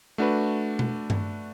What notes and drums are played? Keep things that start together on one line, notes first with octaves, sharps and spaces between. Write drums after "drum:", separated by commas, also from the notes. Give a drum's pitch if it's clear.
A3 D4 F#4 B4
drum: tom B2
drum: tom G2